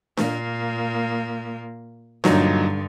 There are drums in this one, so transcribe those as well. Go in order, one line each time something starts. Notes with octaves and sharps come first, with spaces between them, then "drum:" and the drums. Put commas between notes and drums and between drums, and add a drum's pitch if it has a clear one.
A#2 A#3, drum: snare D4
G2 A#2 D3 F#3 D#4, drum: snare D4